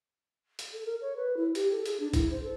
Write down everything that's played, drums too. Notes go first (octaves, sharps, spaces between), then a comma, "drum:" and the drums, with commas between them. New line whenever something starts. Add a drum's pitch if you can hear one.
drum: hi-hat
A4
A#4
C#5
B4
E4
G4, drum: hi-hat
A4
G#4, drum: hi-hat
D4
E4, drum: kick, hi-hat
C5
A4